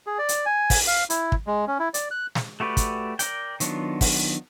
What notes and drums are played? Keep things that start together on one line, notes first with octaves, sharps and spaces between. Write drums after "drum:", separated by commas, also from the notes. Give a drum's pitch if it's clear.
G#4
D5
drum: hi-hat
G#5
drum: kick, open hi-hat
F5
E4, drum: hi-hat
drum: kick
G#3
C#4
E4
D5, drum: hi-hat
F#6
drum: snare
A3 F#4 G4 B4 D5
drum: kick, hi-hat
A#4 D5 G5, drum: hi-hat
D#3 F#3 B3 D4 F4, drum: hi-hat
drum: kick, open hi-hat